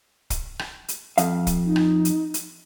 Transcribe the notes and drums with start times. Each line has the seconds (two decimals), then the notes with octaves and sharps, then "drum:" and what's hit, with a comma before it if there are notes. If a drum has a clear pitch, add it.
0.30 drum: kick, hi-hat
0.59 drum: rim click
0.88 drum: hi-hat
1.18 F2 F5, drum: hi-hat
1.47 drum: kick, hi-hat
1.66 D#4
1.76 drum: rim click
2.05 drum: hi-hat
2.34 drum: hi-hat